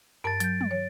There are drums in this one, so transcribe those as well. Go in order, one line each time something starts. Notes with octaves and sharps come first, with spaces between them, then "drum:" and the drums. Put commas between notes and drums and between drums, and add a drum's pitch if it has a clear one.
G2 A#4 A5 A6 D7
F#3 G6, drum: hi-hat
drum: tom
C#5